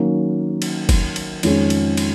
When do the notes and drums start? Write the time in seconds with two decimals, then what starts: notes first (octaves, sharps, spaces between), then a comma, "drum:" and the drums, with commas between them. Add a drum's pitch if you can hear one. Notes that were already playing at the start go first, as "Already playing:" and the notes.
Already playing: D#3 F#3 A#3 C#4
0.62 drum: cymbal
0.89 drum: kick, cymbal
1.16 drum: cymbal
1.43 F2 D#3 G#3 C#4 G#4, drum: cymbal
1.70 drum: cymbal
1.97 drum: cymbal